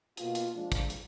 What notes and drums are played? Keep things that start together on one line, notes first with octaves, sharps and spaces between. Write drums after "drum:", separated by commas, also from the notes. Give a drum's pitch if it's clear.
B2 A#3 F4, drum: hi-hat
drum: hi-hat
F3 G#3 D4 F4
drum: kick, hi-hat
drum: hi-hat